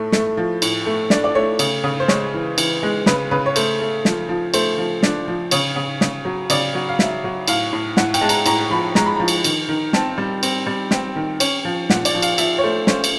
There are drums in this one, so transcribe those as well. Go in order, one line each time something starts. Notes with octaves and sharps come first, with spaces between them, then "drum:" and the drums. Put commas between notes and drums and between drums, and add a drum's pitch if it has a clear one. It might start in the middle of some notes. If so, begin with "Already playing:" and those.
Already playing: A2 A3
A3, drum: snare
F3
A2, drum: cymbal
A3
D4 D5, drum: snare
D5
A3 C#5
C#3, drum: cymbal
C#3
C5
G#3 C#5, drum: snare
E3
E3, drum: cymbal
G#3
C#3 B4, drum: snare
C#3 B4
C#5
A3 C5, drum: cymbal
A3
F3, drum: snare
F3
A3 C5, drum: cymbal
F3
D4, drum: snare
F3
C#3 C#5, drum: cymbal
C#3
C#3, drum: snare
F#3
C#3 D5, drum: cymbal
F#3
F5
F#3 E5, drum: snare
F#3
A2 F5, drum: cymbal
A2
A2 F#5, drum: snare
G5, drum: cymbal
G#3 A5
A#5, drum: cymbal
A2 A#5, drum: cymbal
F3 B5
G#3 A#5, drum: snare
B5
F3 A#5
drum: cymbal
D#3, drum: cymbal
D#3
C4 A5, drum: snare
G3
C4, drum: cymbal
G3
C4 G5, drum: snare
D#3
C#4, drum: cymbal
F3
A#2 F#5, drum: snare
D5, drum: cymbal
F3
F5, drum: cymbal
F3 E5, drum: cymbal
C#5
A3 C5
C#4 C5, drum: snare
drum: cymbal